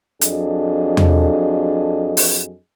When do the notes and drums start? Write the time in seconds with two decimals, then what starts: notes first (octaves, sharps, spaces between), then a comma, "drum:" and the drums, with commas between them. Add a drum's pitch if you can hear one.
0.21 F2 F#3 D4 G#4 A4 D#5, drum: hi-hat
0.97 drum: tom E2
2.17 drum: open hi-hat